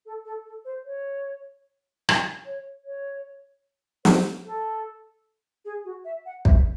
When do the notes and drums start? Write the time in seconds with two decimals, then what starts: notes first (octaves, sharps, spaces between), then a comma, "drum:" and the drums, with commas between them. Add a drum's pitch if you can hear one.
0.06 A4
0.25 A4
0.46 A4
0.65 C5
0.85 C#5
2.09 drum: rim click
2.45 C#5
2.85 C#5
4.05 C5, drum: snare
4.45 A4
5.65 G#4
5.85 F#4
6.05 E5
6.26 F#5
6.45 E5, drum: kick